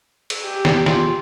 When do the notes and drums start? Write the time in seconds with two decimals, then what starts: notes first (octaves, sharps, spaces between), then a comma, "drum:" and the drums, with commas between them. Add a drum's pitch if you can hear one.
0.30 drum: cymbal
0.44 G4
0.65 drum: snare
0.86 F4, drum: snare